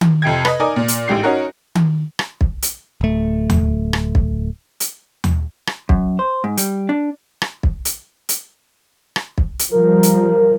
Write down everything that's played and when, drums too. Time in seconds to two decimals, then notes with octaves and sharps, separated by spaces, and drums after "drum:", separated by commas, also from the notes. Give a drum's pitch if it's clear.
0.01 drum: tom D#3
0.22 F2 C3 G5 G#6
0.45 B4 D#5, drum: rim click
0.60 D#4 A#4 D5 D#5 G#5
0.76 A#2
0.88 drum: hi-hat
1.08 A1 G#2 G4 C7
1.23 C#4 D#4 F#4 A#4
1.75 drum: tom D#3
2.19 drum: rim click
2.41 drum: kick
2.62 drum: hi-hat
3.01 D1 A3
3.50 drum: tom D#2
3.93 drum: rim click
4.15 drum: kick
4.80 drum: hi-hat
5.24 drum: tom D#2
5.67 drum: rim click
5.89 F#2, drum: kick
6.19 C5
6.44 G#2
6.57 G3, drum: hi-hat
6.89 D4
7.42 drum: rim click
7.63 drum: kick
7.85 drum: hi-hat
8.29 drum: hi-hat
9.16 drum: rim click
9.38 drum: kick
9.59 drum: hi-hat
9.71 F3 G3 A#4
10.03 drum: hi-hat